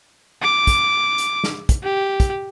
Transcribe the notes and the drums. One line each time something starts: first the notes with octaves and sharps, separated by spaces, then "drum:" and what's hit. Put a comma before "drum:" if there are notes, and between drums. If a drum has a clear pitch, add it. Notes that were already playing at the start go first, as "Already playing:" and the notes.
D6
drum: kick, hi-hat
drum: hi-hat
drum: snare
drum: kick, hi-hat
G4
drum: kick, hi-hat